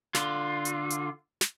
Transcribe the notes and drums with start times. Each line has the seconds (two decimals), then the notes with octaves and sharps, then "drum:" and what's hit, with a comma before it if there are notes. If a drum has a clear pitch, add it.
0.15 D3 F4, drum: snare
0.65 drum: hi-hat
0.90 drum: hi-hat
1.41 drum: snare